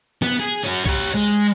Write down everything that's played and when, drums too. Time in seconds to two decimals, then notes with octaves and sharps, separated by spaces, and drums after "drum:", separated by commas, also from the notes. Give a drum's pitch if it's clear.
0.22 B3, drum: snare
0.40 G#4
0.64 C#4 F#4
0.86 G4 C#5, drum: kick B1
1.15 G#3